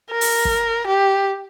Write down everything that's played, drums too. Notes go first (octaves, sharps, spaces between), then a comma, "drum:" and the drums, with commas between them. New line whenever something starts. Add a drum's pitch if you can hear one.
A#4
drum: open hi-hat
drum: kick
G4